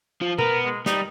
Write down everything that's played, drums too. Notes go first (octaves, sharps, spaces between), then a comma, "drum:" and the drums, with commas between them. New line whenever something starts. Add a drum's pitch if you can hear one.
F3
B3 A#4, drum: tom B2
G#3
G3 D#4, drum: snare